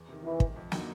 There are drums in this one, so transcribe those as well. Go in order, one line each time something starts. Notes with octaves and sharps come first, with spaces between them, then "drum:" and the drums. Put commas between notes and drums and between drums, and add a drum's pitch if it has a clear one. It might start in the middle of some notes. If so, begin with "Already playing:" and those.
Already playing: E2
C3 D#3
E2 E3
C3 D#3, drum: kick
F2
D3 F#3 A#3 D#4, drum: snare